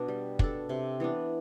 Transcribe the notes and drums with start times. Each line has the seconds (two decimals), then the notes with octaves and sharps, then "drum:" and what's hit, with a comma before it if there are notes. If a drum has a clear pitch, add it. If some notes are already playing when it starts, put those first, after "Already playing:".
Already playing: B2 D4
0.08 G3
0.39 D4 A4, drum: kick
0.69 C3
1.00 E3 B3 D4